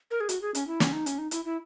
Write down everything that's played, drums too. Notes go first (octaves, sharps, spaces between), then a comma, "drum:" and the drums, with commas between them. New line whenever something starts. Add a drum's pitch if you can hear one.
A#4
G#4
F#4, drum: hi-hat
G#4
C#4, drum: hi-hat
E4
C#4, drum: snare
D#4
C#4, drum: hi-hat
D#4
E4, drum: hi-hat
E4